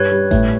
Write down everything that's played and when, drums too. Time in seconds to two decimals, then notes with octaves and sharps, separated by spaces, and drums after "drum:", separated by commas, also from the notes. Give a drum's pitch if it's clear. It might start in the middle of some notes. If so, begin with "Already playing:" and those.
Already playing: G2 B4 C#5
0.12 G3
0.31 A2, drum: kick G#1, hi-hat